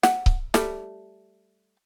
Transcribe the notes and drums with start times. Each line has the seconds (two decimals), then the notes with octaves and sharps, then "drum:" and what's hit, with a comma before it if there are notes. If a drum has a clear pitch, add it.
0.03 F#5, drum: snare
0.26 drum: kick C#1
0.54 G3 A3, drum: snare